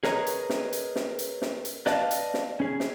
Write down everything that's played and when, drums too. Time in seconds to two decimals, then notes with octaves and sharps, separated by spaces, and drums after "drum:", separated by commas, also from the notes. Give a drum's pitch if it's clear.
0.03 G#4 A#4 B4 C#5 D#5 A#5, drum: snare
0.27 drum: hi-hat
0.50 drum: snare
0.73 drum: hi-hat
0.96 drum: snare
1.19 drum: hi-hat
1.42 drum: snare
1.65 drum: hi-hat
1.86 B4 D5 D#5 F5 A5, drum: snare
2.11 drum: hi-hat
2.34 drum: snare
2.60 C#4 G#4
2.80 drum: snare